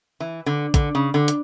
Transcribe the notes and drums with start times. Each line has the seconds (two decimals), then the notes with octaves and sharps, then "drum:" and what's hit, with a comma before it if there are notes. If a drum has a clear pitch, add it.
0.20 E3
0.46 D3
0.74 D3, drum: kick, hi-hat
0.95 C#3
1.14 D3
1.28 drum: hi-hat